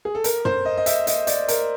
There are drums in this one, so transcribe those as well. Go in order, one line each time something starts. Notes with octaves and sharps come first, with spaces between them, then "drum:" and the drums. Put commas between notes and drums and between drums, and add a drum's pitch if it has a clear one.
G#4
A4
A#4, drum: hi-hat
C5, drum: tom
D#5
D#5
E5, drum: hi-hat
D#5, drum: hi-hat
D5, drum: hi-hat
A#4, drum: hi-hat